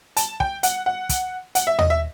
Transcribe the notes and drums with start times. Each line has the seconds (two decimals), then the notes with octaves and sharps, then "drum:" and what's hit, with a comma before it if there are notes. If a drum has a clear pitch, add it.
0.17 A5, drum: hi-hat
0.40 G5, drum: kick
0.63 F#5, drum: hi-hat
0.86 F#5
1.09 drum: kick, hi-hat
1.55 F#5, drum: hi-hat
1.67 E5
1.79 D#5, drum: tom D#2
1.90 E5